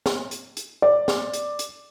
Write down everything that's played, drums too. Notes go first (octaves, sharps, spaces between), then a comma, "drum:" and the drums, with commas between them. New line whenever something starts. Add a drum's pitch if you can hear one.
drum: snare
drum: hi-hat
drum: hi-hat
D5
drum: snare
drum: hi-hat
drum: hi-hat